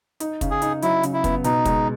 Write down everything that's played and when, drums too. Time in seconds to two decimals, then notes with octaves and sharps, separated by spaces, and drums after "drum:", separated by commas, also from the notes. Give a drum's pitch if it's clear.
0.20 D#4, drum: hi-hat
0.41 C#3, drum: kick, hi-hat
0.51 G#4
0.62 D#4, drum: hi-hat
0.82 F#3 E4, drum: hi-hat
1.03 C#3, drum: hi-hat
1.14 E4
1.24 B3, drum: kick, hi-hat
1.44 B2 D#4, drum: hi-hat
1.65 G#3, drum: kick, hi-hat